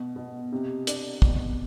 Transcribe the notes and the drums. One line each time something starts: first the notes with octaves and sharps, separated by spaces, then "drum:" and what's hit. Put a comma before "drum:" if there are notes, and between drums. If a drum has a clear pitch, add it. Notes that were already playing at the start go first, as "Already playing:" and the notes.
Already playing: B2
B2
C3
D4, drum: hi-hat
B2, drum: kick